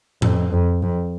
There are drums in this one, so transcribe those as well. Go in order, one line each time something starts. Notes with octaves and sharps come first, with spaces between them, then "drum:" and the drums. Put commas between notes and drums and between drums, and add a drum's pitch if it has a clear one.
F2, drum: tom A2
F2
F2